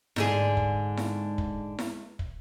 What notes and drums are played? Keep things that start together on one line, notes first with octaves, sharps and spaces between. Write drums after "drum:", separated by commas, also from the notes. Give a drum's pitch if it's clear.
G#2 D3 G#4, drum: snare E4
drum: kick
drum: snare E4
drum: kick
drum: snare E4
drum: kick